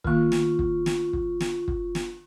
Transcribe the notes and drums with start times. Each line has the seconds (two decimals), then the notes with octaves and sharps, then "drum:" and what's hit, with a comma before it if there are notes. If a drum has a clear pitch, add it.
0.04 D#3 A#3 F4 C#6, drum: kick
0.32 drum: snare
0.59 drum: kick
0.86 drum: snare
1.13 drum: kick
1.40 drum: snare
1.68 drum: kick
1.95 drum: snare